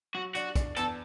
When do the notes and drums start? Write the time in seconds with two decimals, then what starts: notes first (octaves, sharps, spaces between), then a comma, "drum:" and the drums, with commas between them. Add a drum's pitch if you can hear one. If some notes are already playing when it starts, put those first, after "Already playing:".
0.14 F#3 F#4
0.35 D4 F#4, drum: hi-hat
0.55 D4, drum: kick, hi-hat
0.76 E2 A4, drum: hi-hat